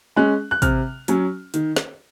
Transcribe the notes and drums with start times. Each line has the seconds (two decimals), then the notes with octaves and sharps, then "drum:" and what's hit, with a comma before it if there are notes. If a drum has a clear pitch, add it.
0.16 G#3 C#4 F#6
0.51 F#6
0.62 C3 F6, drum: kick, hi-hat
1.08 F#3 C#4, drum: hi-hat
1.54 D#3, drum: hi-hat
1.76 drum: snare